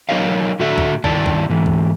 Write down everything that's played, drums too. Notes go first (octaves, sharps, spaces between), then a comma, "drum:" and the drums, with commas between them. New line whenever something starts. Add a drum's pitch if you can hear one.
F#3 D#4 A#4 C#5 D#5 F5
A2 D3 A3 F#4 A4 E5
drum: kick
G2 D#3 E4 D5 A5, drum: kick
drum: kick
G#2 E3
drum: kick